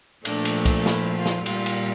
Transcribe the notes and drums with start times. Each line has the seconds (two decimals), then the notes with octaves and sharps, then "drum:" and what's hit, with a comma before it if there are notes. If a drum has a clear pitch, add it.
0.25 A#2 F3 A3 D4, drum: cymbal
0.45 drum: cymbal
0.65 drum: kick C2, cymbal
0.86 E4, drum: snare
1.16 F4
1.26 drum: snare
1.46 A#2 G3 F4, drum: cymbal
1.66 drum: cymbal